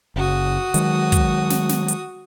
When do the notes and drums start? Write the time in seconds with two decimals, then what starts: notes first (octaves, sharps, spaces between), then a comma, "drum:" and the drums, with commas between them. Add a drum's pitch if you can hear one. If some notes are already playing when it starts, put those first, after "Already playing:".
0.16 F#1 C#3 F#4 D#6
0.74 D#3 F#3 G#3, drum: hi-hat
1.12 drum: kick, hi-hat
1.50 drum: snare
1.69 drum: snare
1.88 drum: hi-hat